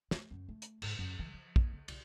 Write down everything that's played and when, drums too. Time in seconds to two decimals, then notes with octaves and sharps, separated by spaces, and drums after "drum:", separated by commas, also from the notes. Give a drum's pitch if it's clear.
0.11 A3, drum: snare
0.31 F#2
0.49 A3
0.62 drum: hi-hat
0.82 G#2, drum: cymbal
0.99 F#2
1.19 E3
1.34 F3
1.56 D#2, drum: kick
1.73 D3
1.88 B1, drum: cymbal